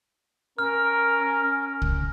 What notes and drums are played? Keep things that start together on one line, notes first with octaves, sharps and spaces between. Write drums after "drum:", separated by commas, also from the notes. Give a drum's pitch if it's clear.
C#4 A#4 F6
drum: kick